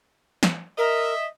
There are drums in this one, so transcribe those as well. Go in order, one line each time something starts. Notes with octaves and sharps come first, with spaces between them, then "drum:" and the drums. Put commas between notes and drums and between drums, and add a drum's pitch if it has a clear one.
drum: snare
A#4 D#5 E5